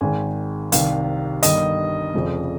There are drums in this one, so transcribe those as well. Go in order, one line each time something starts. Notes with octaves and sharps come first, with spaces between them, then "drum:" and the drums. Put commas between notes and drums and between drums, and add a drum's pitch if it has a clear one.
G#1 G#2 D#3 G#5
C2 C3 D#3 F5, drum: hi-hat
G1 G2 D#3 D#5, drum: hi-hat
F1 F2 C#3 F3